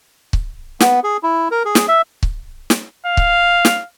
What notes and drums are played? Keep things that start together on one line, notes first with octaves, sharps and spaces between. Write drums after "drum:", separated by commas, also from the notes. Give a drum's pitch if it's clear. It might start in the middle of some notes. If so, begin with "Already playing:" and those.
drum: kick C#1
B3, drum: snare
G#4
E4
A#4
G#4
drum: snare
E5
drum: kick C#1
drum: snare
F5
drum: kick C#1
drum: snare